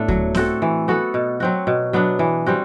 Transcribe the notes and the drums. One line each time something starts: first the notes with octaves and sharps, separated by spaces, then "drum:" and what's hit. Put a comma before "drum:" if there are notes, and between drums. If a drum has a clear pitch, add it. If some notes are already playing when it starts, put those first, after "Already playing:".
Already playing: A2 A3 B3 D4
F#3, drum: kick D2
C4 F#4 A4, drum: snare B3
E3
B3 F#4 A4
B2
F#3 C4 F#4
B2
F#3 B3 D4
E3
G3 C4 F#4